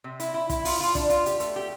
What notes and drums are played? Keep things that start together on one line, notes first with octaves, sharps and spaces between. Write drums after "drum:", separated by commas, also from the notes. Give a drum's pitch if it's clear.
C3
E4, drum: hi-hat
E4
E4, drum: kick, hi-hat
F4, drum: open hi-hat
F4
D4, drum: kick, hi-hat
F4, drum: hi-hat
G4, drum: hi-hat
A3, drum: hi-hat
G4